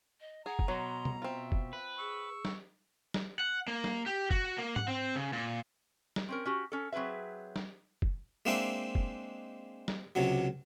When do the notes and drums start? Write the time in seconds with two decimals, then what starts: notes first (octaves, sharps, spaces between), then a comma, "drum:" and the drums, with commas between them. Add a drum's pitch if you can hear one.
0.20 D#5
0.46 G#4 F#5 A#5
0.59 drum: kick F1
0.68 B2 F#3 C6
1.05 drum: tom B2
1.22 C4 F4 E5
1.52 drum: kick F1
1.73 B4
1.99 G#4 C#6 E6
2.45 drum: snare
3.14 drum: snare
3.40 F#5
3.68 A#3
3.84 drum: snare
4.06 G4
4.31 F#4, drum: kick F1
4.58 A#3
4.76 F#5, drum: tom G#2
4.88 C4
5.16 C#3
5.33 A#2
6.16 drum: snare
6.29 C4 C#4 A#4
6.45 C#4 F#4 G4
6.72 C#4 A4
6.92 F#3 C4 G#4 B4 E5
7.56 drum: snare
8.02 drum: kick F1
8.46 G#3 A#3 C4 D4 D#4 E5
8.95 drum: kick F1
9.88 drum: snare
10.15 C#2 C3 F#3